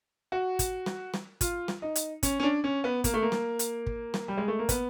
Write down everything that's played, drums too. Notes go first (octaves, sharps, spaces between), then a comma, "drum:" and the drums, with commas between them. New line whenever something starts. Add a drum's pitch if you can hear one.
F#4
drum: kick, hi-hat
drum: snare
drum: snare
F4, drum: kick, hi-hat
drum: snare
D#4
drum: hi-hat
C#4, drum: kick, hi-hat
C#4
D4
C#4
B3
A#3, drum: kick, hi-hat
A3
A#3
drum: snare
drum: hi-hat
drum: kick
drum: snare
G3
G#3
A3
A#3
B3, drum: kick, hi-hat